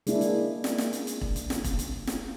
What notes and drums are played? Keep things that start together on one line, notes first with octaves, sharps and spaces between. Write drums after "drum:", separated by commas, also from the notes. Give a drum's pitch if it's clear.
G#3 A#3 D4 E4, drum: hi-hat
drum: hi-hat
drum: snare
drum: snare
drum: hi-hat
drum: hi-hat
drum: kick E1
drum: hi-hat
drum: snare
drum: kick E1, hi-hat
drum: hi-hat
drum: snare